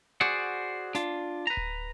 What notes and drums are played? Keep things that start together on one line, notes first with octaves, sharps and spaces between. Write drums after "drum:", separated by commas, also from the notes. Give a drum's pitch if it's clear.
F#4 G#4 C5 D5 F#5
D4 F4, drum: snare
B4 A#5
drum: kick D1